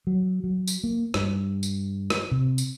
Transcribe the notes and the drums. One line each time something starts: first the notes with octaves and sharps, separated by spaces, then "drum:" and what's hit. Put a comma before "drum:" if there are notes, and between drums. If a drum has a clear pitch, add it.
F#3
F#3
drum: tambourine
A#3
G2, drum: rim click
drum: tambourine
drum: rim click
C3
drum: tambourine